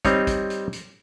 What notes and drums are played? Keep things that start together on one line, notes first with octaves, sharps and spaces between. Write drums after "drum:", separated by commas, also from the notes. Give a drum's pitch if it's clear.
G3 C4 D#4 C#5, drum: kick, hi-hat
drum: kick, hi-hat
drum: hi-hat
drum: hi-hat